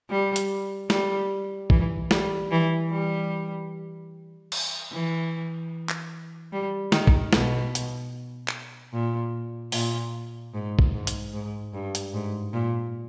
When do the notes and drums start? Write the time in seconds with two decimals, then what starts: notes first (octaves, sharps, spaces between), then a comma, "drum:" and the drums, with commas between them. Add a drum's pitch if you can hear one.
0.10 G3
0.36 drum: hi-hat
0.90 G3, drum: snare
1.70 E3, drum: kick
2.11 G3, drum: snare
2.51 E3
2.90 G3
4.52 drum: cymbal
4.92 E3
5.89 drum: clap
6.52 G3
6.92 D#3, drum: snare
7.07 drum: kick
7.33 B2, drum: snare
7.75 drum: hi-hat
8.48 drum: clap
8.93 A#2
9.72 A#2, drum: open hi-hat
10.54 G#2
10.79 drum: kick
10.93 G#2
11.07 drum: hi-hat
11.34 G#2
11.74 G2
11.95 drum: hi-hat
12.14 G#2
12.53 A#2